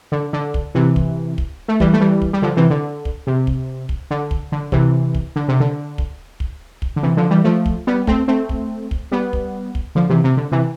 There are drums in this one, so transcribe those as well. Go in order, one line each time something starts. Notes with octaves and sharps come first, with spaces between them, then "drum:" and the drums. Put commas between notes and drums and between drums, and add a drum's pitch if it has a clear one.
D3
D3
drum: kick
C3 E3
drum: kick
drum: kick
A3
E3 G3, drum: kick
A3
E3 G3
drum: kick
G3
D3 F3
C3 E3
D3
drum: kick
C3
drum: kick
drum: kick
D3
drum: kick
D3
C3 E3, drum: kick
drum: kick
D3
C3
D3
drum: kick
drum: kick
drum: kick
D3
C3 E3
D3 F3
E3 G3
F3 A3
drum: kick
G3 B3
A3 C4, drum: kick
A3 C4
drum: kick
drum: kick
G3 B3
drum: kick
drum: kick
D3 F3
C3 E3
C3
D3
C3 E3